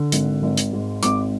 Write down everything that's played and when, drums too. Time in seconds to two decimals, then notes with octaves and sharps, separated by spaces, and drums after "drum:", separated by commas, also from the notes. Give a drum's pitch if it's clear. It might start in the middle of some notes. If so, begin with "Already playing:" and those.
Already playing: D3
0.12 G#1, drum: hi-hat
0.42 G#1
0.57 drum: hi-hat
0.73 G#2
1.03 G#1 D6, drum: hi-hat